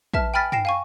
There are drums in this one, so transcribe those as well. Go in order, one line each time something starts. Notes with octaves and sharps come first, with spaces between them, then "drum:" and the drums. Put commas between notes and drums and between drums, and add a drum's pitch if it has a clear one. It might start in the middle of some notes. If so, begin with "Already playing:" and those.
B4 E5 A5 F6, drum: kick
G5 G#5 B5 F6 A6 B6
G5 A#6 C7 E7, drum: tom
F5 G#5 C#6